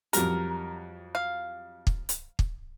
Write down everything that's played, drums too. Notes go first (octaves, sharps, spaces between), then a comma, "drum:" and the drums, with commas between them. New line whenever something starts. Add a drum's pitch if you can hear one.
F2 F#3 G3 A#4, drum: hi-hat
F5
drum: kick
drum: hi-hat
drum: kick